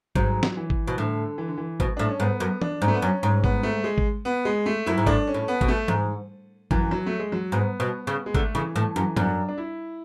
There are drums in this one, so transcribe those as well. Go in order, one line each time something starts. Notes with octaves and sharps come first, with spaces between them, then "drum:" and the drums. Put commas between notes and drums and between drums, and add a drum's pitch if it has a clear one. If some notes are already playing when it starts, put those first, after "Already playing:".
G#2 F#3, drum: kick G#1
drum: snare
E3
drum: kick G#1
B2
A2 D3
E3
D3
E3
B2, drum: kick G#1
A2 D4
C#4
G#2 B3
F#2
D4, drum: tom E3
G#2
A3
B3
F#2 C#4
G#2
B3, drum: kick G#1
A3
G#3
drum: kick G#1
B3
G#3
A3
F#2 E4
G#2
A2 D4, drum: kick G#1
C#4
A2
B3
B2, drum: kick G#1
A3
G#2, drum: tom E3
F#2 E3, drum: kick G#1
F#3
A3
G#3
F#3
G#2 B3
B2
C#3
G#3
D3 A3, drum: kick G#1
C#3 E3
A2 E3
F#2 E3
F#2 D4, drum: tom G#2
D4
E4